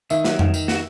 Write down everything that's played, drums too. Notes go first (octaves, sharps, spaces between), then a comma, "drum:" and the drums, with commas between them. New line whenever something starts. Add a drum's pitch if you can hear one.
D#3 E5, drum: tambourine
F#3, drum: snare
D#3, drum: tom F2
D#3, drum: tambourine
F#4, drum: snare